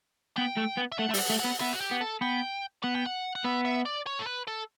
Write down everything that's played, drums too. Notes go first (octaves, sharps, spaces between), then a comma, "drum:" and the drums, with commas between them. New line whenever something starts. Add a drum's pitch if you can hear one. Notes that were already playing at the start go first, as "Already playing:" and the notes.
B3 G5
A3
B3
E5
A3 F#5
A3 E5
G3, drum: open hi-hat
F#5
A3
B3 F#5
B3 E5
F#4
G4
B3
A4
B3 G5
B3 F#5
G5
F#5
F#5
B3 E5
E5
D5
C#5
A4
B4
A4